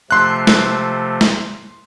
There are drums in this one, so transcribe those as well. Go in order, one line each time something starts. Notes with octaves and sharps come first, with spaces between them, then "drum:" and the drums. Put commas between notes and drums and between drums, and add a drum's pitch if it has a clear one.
C3 F3 A3 C6 F#6
drum: snare
drum: snare